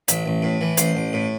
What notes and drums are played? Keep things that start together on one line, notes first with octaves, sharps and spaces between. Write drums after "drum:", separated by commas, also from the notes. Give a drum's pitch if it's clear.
A1 E5, drum: hi-hat
A1
A2
E3
A1 C5, drum: hi-hat
A1
A2